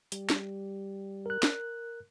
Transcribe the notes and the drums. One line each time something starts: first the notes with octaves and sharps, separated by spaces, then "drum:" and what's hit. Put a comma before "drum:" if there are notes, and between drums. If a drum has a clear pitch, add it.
G3, drum: hi-hat
drum: snare
A#4 F#6
drum: snare